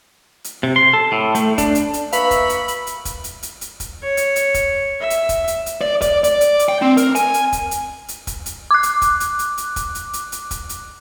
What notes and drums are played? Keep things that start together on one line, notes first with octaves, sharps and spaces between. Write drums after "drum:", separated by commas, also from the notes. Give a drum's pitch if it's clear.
drum: hi-hat
C3
C6
A4
A2
A3, drum: hi-hat
D4, drum: kick, hi-hat
drum: hi-hat
drum: hi-hat
A#3 F#4 B4 E5 F5 B5, drum: hi-hat
drum: kick, hi-hat
drum: hi-hat
drum: hi-hat
drum: hi-hat
drum: kick, hi-hat
drum: hi-hat
drum: hi-hat
drum: hi-hat
drum: kick, hi-hat
C#5
drum: hi-hat
drum: hi-hat
drum: kick, hi-hat
E5
drum: hi-hat
drum: kick, hi-hat
drum: hi-hat
drum: hi-hat
D5
D5, drum: kick, hi-hat
D5, drum: hi-hat
drum: hi-hat
drum: hi-hat
G5
C4
A#4, drum: hi-hat
G#5, drum: hi-hat
drum: hi-hat
drum: kick, hi-hat
drum: hi-hat
drum: hi-hat
drum: kick, hi-hat
drum: hi-hat
D6 F#6
drum: hi-hat
drum: kick, hi-hat
drum: hi-hat
drum: hi-hat
drum: hi-hat
drum: kick, hi-hat
drum: hi-hat
drum: hi-hat
drum: hi-hat
drum: kick, hi-hat
drum: hi-hat